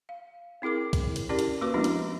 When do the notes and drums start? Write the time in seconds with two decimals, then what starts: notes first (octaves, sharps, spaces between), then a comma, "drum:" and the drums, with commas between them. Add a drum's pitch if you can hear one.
0.09 F5
0.62 C4 E4 G#4 A#4 D6
0.93 drum: kick, hi-hat
1.16 drum: hi-hat
1.29 C#4 E4 G4 A#4 D5
1.39 drum: hi-hat
1.61 A#3 C#4 F#4 B4 D6
1.74 F3 G#3 B3 D4 E4 F#4
1.84 drum: hi-hat